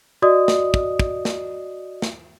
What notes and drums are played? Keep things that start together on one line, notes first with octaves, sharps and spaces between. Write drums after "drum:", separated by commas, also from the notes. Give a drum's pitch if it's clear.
F#4 D5 D#5 D#6
drum: snare
drum: kick
drum: kick
drum: snare
drum: snare